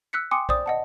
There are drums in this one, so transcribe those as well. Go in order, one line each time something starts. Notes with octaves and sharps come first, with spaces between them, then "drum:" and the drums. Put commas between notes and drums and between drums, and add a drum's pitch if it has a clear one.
E6 F#6 B6 C#7
G5 G#5 C6 D6 D#6 C#7
C5 D5 D#6, drum: kick A#1
D#5 F#5 A5